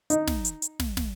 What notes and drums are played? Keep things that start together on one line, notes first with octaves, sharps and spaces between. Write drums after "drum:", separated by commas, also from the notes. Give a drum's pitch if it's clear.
D#4, drum: hi-hat
drum: snare
drum: hi-hat
drum: hi-hat
drum: snare
drum: snare